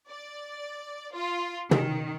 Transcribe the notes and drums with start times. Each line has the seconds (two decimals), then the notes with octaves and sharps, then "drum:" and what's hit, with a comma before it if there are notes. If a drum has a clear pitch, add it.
0.10 D5
1.15 F4
1.71 D#3, drum: tom